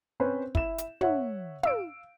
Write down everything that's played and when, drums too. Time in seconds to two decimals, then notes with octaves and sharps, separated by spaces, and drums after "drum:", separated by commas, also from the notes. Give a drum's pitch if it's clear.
0.20 C4 C#4 B4 C5
0.55 E4 E7, drum: kick
0.78 drum: hi-hat
1.01 C#5 E5 F#5, drum: tom
1.63 F5 E6 D7, drum: tom